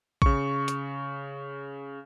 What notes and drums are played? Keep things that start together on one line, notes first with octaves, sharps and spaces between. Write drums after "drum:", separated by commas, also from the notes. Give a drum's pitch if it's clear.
C#3 C#6, drum: kick
drum: hi-hat